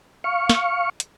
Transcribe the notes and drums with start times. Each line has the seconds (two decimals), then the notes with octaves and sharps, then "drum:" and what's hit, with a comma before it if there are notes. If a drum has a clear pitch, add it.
0.24 F5 C#6
0.49 drum: snare
1.00 drum: hi-hat